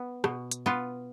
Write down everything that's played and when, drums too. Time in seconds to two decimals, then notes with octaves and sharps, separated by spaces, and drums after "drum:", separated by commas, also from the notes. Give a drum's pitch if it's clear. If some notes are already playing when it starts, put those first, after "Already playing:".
Already playing: B3
0.24 B2, drum: rim click
0.51 drum: hi-hat
0.66 B3 F4